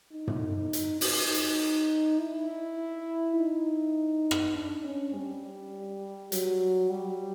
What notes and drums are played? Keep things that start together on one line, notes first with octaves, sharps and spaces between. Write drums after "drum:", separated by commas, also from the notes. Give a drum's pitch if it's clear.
D#4
drum: tom
drum: hi-hat
D#4, drum: open hi-hat
drum: hi-hat
E4
D#4
drum: rim click
D4
C#4
G3
F#3, drum: hi-hat
G3